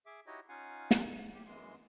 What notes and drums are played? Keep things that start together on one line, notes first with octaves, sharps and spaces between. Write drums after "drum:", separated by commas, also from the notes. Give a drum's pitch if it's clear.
G#4 E5 D6
D#4 E4 F#4 G4 C#5 D#5
C#4 D#4 F4 F5 F#5 G#5
drum: snare
G4
F#2 E3 G#3 C6